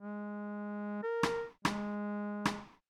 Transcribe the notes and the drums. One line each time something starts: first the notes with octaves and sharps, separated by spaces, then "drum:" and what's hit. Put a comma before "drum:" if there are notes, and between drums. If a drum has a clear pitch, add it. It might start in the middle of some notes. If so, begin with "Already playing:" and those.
G#3
A#4
drum: rim click
G#3, drum: rim click
drum: rim click